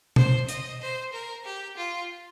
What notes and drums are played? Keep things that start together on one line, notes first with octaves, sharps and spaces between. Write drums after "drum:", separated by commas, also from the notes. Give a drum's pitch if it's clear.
C5, drum: tom B2
D#5, drum: hi-hat
C5
A#4
G4
F4